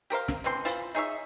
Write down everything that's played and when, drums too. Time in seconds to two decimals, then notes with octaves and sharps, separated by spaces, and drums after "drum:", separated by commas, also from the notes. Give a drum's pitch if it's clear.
0.10 G4 A#4 C5 F5
0.28 drum: snare
0.44 D3 E3 C4 C6
0.65 E3 F4 C5, drum: hi-hat
0.95 D#4 G#4 C#5 E5